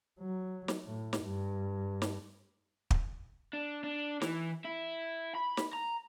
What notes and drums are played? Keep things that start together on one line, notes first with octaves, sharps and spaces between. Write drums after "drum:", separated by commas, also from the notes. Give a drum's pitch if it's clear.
F#3
drum: snare
A2
drum: snare
G2
drum: snare
drum: kick
D4
D4
E3, drum: snare
E4
B5
drum: snare
A#5